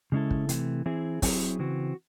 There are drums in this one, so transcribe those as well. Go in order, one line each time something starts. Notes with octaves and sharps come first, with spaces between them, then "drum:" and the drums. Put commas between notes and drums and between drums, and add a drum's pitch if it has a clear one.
C#3 G#3 C#4 E4 A4
drum: kick
C3 E3 A3, drum: hi-hat
E3 C4 E4 G#4
F#3 C4 E4 G#4, drum: kick, open hi-hat
C#3 E3 C4 F#4